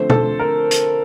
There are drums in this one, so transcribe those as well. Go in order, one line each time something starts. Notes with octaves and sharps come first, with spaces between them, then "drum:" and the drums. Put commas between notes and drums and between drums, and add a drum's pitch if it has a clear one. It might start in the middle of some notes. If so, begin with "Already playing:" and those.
Already playing: D3 F3 A3 C4 C5
A4, drum: tom
A#4
drum: hi-hat